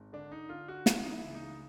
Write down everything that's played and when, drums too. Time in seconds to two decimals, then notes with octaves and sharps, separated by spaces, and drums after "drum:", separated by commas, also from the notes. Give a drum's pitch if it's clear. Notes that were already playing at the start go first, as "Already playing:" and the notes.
Already playing: G#1
0.13 D3 D4
0.32 D#4
0.49 D3 F4
0.68 F#4
0.86 E3 F4, drum: snare
1.04 D#4
1.10 E4
1.22 C#2
1.35 D#4